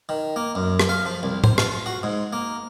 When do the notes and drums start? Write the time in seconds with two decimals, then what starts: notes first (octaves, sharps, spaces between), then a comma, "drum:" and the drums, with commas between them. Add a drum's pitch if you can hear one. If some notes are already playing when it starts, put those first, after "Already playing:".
0.09 D#3
0.36 A#3
0.55 F#2
0.80 drum: rim click
0.89 F5
1.05 F3
1.23 C2
1.44 C5, drum: tom A2
1.58 F4, drum: rim click
1.86 F#4
2.03 G#2
2.33 A#3